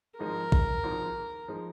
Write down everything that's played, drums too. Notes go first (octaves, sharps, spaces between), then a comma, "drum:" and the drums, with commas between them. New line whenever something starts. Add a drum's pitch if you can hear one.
G#1 G#2 F3 G#3 D#4 A#4
drum: kick A#1
G#1 G#2 F3 G#3 D#4
F3 G#3 D#4